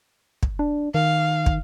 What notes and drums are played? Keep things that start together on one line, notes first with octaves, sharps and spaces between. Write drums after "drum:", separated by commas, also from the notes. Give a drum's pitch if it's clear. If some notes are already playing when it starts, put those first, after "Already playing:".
drum: kick
D4
D#3 F5
drum: kick